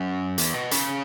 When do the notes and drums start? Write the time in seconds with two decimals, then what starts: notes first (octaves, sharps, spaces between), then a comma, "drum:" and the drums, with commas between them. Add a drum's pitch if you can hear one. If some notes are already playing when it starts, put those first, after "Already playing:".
Already playing: F#2
0.38 E2, drum: hi-hat
0.54 B2
0.71 C#3, drum: hi-hat